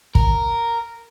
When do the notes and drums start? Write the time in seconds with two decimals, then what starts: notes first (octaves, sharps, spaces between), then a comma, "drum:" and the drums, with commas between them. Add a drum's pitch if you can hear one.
0.15 A#4, drum: kick